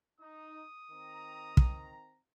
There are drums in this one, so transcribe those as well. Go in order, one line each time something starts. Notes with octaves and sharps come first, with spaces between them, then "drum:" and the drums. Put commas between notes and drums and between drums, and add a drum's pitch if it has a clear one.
D#4 D#6
D#3 C4 A#5
drum: kick